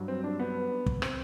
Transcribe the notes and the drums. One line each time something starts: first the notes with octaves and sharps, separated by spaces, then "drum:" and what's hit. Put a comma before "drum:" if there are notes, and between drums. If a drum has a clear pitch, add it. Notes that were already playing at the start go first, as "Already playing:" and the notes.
Already playing: G2 F#3
C4
D4
B3
drum: kick
C4, drum: rim click